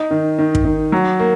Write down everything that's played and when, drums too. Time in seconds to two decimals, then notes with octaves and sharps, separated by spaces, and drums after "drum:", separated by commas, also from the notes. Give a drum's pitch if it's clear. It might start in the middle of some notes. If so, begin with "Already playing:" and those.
Already playing: D#4
0.11 D#3
0.39 D#3
0.55 drum: kick
0.65 D#3
0.92 F#3
1.19 A#3